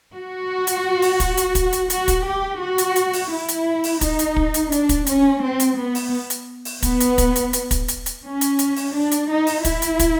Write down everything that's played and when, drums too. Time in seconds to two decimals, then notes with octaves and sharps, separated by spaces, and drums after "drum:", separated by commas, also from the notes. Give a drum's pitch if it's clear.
0.15 F#4
0.67 drum: hi-hat
1.02 drum: open hi-hat
1.20 drum: kick, hi-hat
1.37 drum: hi-hat
1.55 drum: kick, hi-hat
1.73 drum: hi-hat
1.90 F#4, drum: hi-hat
2.08 drum: kick, hi-hat
2.25 G4
2.61 F#4
2.78 drum: hi-hat
2.96 drum: hi-hat
3.13 drum: open hi-hat
3.31 E4
3.48 drum: hi-hat
3.84 drum: open hi-hat
4.01 D#4, drum: kick, hi-hat
4.19 drum: hi-hat
4.36 drum: kick
4.54 drum: hi-hat
4.72 D4, drum: hi-hat
4.89 drum: kick, hi-hat
5.06 C#4, drum: hi-hat
5.42 C4
5.60 drum: hi-hat
5.77 B3
5.95 drum: open hi-hat
6.30 drum: hi-hat
6.65 drum: open hi-hat
6.82 B3, drum: kick, hi-hat
7.00 drum: hi-hat
7.18 drum: kick, hi-hat
7.36 drum: hi-hat
7.53 drum: hi-hat
7.71 drum: kick, hi-hat
7.88 drum: hi-hat
8.06 drum: hi-hat
8.24 C#4
8.41 drum: hi-hat
8.59 drum: hi-hat
8.76 drum: open hi-hat
8.94 D4
9.11 drum: hi-hat
9.29 D#4
9.47 drum: open hi-hat
9.65 E4, drum: kick, hi-hat
9.82 drum: hi-hat
9.99 drum: kick, hi-hat